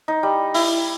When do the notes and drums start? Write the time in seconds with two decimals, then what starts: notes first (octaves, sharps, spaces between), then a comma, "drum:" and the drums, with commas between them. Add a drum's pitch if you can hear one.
0.08 D#4
0.23 G3
0.54 E4, drum: open hi-hat